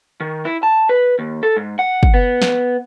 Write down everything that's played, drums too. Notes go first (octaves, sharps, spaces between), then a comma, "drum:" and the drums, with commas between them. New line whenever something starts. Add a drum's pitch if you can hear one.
D#3
E4
A5
B4
D#2
A4
G#2
F#5
drum: kick
B3
drum: snare